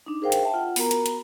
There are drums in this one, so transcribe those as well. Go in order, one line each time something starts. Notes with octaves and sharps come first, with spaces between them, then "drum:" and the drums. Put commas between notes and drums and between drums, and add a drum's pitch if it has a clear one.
D4 D#4
G#4 A#4 C5 F5 G5
drum: hi-hat
E5 G5 A5
F4 F#5
B3 F#4 A#4 A#5, drum: open hi-hat
drum: hi-hat
drum: hi-hat